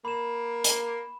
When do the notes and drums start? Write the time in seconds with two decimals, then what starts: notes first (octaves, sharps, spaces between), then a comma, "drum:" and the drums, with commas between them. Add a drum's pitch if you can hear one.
0.05 A#3 B5 E7
0.64 drum: hi-hat